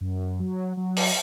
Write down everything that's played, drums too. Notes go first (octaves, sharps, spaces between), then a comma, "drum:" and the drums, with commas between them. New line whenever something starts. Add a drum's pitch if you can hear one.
F#2
F#3
F#3
drum: open hi-hat